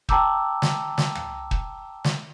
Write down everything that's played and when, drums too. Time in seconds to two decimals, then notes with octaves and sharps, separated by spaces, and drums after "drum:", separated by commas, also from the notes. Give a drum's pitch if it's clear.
0.09 G5 A5 A#5 D6 E6 G6, drum: kick
0.62 drum: snare
0.98 drum: snare
1.15 drum: tom
1.51 drum: kick
2.04 drum: snare